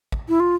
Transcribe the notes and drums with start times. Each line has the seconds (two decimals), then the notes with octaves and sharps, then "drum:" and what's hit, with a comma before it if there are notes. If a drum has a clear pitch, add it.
0.12 drum: kick
0.29 E4
0.40 F4